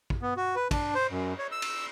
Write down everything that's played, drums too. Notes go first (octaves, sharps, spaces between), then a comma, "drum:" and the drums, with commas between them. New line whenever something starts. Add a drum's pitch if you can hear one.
drum: kick
B3
F#4
B4
D4, drum: kick, cymbal
C5
F#2
C#5
E6
drum: cymbal